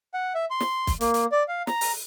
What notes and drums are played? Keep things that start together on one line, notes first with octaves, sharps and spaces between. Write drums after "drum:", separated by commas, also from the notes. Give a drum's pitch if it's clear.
F#5
E5
C6
drum: snare
drum: kick, hi-hat
A#3, drum: hi-hat
drum: hi-hat
D5
F5
A#5, drum: snare
drum: open hi-hat